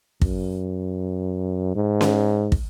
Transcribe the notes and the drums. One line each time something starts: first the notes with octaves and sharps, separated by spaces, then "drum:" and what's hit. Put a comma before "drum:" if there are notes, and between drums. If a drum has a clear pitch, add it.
F#2, drum: kick
G#2
drum: snare C#4
drum: kick